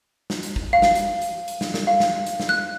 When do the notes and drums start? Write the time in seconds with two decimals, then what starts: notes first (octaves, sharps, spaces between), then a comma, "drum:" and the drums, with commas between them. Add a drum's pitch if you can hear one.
0.30 drum: snare
0.43 drum: hi-hat
0.56 drum: kick
0.73 F5
0.82 drum: snare
0.95 drum: hi-hat
1.22 drum: hi-hat
1.48 drum: hi-hat
1.61 drum: snare
1.74 drum: snare
1.87 F5
2.00 drum: snare
2.26 drum: hi-hat
2.40 drum: snare
2.49 F#6